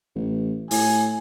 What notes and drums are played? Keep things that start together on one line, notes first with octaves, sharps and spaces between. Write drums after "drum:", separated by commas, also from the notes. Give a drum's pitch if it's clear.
A1
A2 G#5, drum: open hi-hat